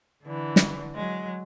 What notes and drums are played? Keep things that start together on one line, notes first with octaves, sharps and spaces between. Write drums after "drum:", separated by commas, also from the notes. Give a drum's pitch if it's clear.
D3 E3
drum: snare
F#3 G#3